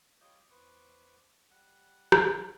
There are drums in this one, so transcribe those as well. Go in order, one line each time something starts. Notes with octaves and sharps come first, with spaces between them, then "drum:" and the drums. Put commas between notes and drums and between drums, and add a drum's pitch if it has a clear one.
G3 F4 C#5 D#5 D6 G6
E2 B3 B4 C5 C#6 D6
G3 F#5
drum: rim click